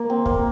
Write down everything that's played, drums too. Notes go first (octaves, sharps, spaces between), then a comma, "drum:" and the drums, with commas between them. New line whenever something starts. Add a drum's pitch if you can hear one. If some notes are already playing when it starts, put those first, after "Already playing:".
Already playing: A#3
C4
A#3, drum: kick